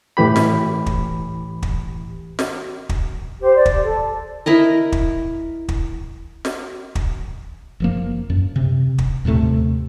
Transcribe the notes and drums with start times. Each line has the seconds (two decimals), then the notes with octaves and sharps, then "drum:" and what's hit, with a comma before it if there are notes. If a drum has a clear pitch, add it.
0.17 A2 E3 G4 B5
0.36 drum: snare
0.86 drum: kick
1.63 drum: kick
2.39 drum: snare
2.89 drum: kick
3.40 G4 C5
3.54 D5
3.66 drum: kick
3.82 A4
4.46 E4 A#4 D#5
4.92 drum: kick
5.69 drum: kick
6.45 drum: snare
6.95 drum: kick
7.80 F#1 F3 A#3
8.30 F#2
8.56 C3
8.98 drum: kick
9.25 D#2 A2 C3 A3